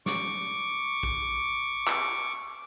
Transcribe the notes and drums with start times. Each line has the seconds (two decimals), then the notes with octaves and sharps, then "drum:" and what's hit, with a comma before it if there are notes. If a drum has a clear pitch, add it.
0.06 C#6 D6, drum: snare
1.03 drum: kick A#1
1.87 drum: clap